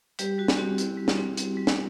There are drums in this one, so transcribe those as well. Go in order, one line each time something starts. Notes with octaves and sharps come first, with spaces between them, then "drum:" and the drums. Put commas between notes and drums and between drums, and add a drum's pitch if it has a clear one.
G3 G4, drum: hi-hat
G3 F#4
drum: snare
C4 F#4
E4, drum: hi-hat
G3
drum: snare
C4
C4, drum: hi-hat
G3
drum: snare